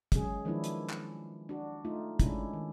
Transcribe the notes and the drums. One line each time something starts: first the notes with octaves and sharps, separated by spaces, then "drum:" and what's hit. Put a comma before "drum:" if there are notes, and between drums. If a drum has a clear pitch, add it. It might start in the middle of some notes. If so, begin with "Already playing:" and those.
F#3 G#3 C#4 G#4, drum: kick, hi-hat
D#3 F3 G#3 B3 D4 E4
drum: hi-hat
drum: clap
D4 F#4
A3 D#4 F4
G#3 C#4 D4 E4, drum: kick, hi-hat
D#3